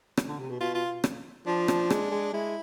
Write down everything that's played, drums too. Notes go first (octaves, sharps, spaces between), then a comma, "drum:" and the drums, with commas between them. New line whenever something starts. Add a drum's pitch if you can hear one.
drum: rim click
D3
C3
B2
B2 F4
F4
drum: rim click
F3 D4
drum: rim click
G#3, drum: rim click
G#3
G#3 E4